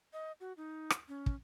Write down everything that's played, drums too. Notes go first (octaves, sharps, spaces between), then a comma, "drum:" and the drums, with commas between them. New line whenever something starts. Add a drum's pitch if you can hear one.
D#5
F#4
D#4
drum: rim click
C#4
drum: kick